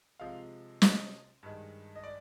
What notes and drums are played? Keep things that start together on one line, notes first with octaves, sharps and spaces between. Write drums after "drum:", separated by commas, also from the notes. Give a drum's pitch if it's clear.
C3 F3 G#3 F5
D#5, drum: snare
G2 D#3 G#3
D#5
D5